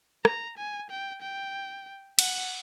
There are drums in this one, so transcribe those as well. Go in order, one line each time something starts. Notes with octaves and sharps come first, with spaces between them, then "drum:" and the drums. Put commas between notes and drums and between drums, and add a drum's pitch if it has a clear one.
A#5, drum: rim click
G#5
G5
G5
F#5, drum: cymbal